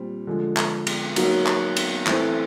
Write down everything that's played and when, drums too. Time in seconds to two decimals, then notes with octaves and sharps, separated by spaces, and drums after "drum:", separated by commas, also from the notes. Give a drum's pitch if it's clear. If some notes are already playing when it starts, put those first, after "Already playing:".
Already playing: A#2 G3 C4
0.27 D3 F3 G#3
0.57 drum: clap
0.87 drum: cymbal
1.16 F#3 A#3 D#4 F#4, drum: cymbal
1.47 drum: clap
1.77 drum: cymbal
2.07 E3 A3 C4, drum: clap